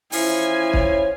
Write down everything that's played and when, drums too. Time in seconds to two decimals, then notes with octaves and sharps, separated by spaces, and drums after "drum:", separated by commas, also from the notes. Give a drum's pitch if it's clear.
0.12 E3 F3 C#4 E4 G#5, drum: open hi-hat
0.73 C#5, drum: kick